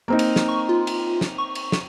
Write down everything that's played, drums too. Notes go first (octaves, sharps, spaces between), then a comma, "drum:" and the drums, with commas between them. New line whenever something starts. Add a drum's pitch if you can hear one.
A#3 C4 D#4
drum: cymbal
drum: snare
C#6
F4
drum: cymbal
drum: snare
C#6
drum: cymbal
drum: snare